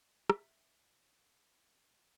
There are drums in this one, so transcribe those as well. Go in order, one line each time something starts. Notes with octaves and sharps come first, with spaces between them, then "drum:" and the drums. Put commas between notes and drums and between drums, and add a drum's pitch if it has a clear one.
E5 B6, drum: rim click